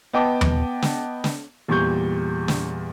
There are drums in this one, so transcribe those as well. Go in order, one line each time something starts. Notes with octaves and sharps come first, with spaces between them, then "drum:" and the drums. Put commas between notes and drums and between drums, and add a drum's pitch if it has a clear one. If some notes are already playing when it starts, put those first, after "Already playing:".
B3 D#5 G5 A5 D6
drum: tom D#2
drum: snare
drum: snare
E2 A#2 G3 C#6 G6
drum: snare